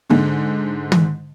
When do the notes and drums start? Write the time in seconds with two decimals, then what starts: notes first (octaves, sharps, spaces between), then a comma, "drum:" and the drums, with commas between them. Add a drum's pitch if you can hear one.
0.10 G#2 D3 G#3
0.92 drum: tom